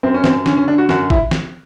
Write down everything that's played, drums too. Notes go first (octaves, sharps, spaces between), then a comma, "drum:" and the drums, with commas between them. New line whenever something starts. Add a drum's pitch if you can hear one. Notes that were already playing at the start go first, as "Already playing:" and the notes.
F#2 C4
C#4
F#2 C4, drum: snare
D3 C#4, drum: snare
C#4
D3 D4
F#4
F#2 F#4, drum: snare
E4, drum: kick A1
drum: snare